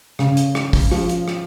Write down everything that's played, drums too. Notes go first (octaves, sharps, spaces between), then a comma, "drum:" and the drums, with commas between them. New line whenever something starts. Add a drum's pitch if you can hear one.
C#3, drum: rim click
drum: hi-hat
drum: rim click
drum: kick, open hi-hat
F3, drum: rim click
drum: hi-hat
drum: rim click